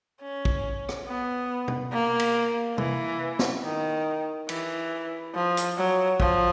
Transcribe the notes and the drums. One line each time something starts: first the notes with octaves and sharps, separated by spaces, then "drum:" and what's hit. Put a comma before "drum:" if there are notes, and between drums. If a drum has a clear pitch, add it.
C#4
drum: kick
drum: rim click
B3
drum: tom
A#3
drum: cymbal
E3, drum: tom C3
drum: snare
D#3
E3, drum: cymbal
F3
drum: hi-hat
F#3
F3, drum: kick